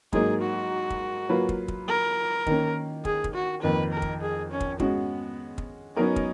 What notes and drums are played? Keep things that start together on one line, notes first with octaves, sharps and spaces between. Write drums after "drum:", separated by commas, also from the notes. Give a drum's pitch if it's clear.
G#2 F#3 A#3 D#4 G#4, drum: kick
F#4
drum: kick
F#3 A#3 F4 B4
drum: kick
drum: kick
A#4
D#3 A#3 C#4, drum: kick
G#4, drum: kick
drum: kick
F#4
F2 D#3 A#3 B4
A#4
drum: kick
G#4
C#4
drum: kick
G#3 B3 C#4 F#4, drum: kick
drum: kick
F#3 B3 C#4 D#4 A#4 D#5
drum: kick